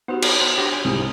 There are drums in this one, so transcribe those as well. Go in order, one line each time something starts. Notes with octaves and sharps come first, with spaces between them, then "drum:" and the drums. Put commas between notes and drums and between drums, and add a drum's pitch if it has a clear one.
B3 D#4 F#4 G4 C5 F#5
drum: cymbal
C5
D4 G4 F#5 C6
G#5
C2 G#2 C3 G4 D#6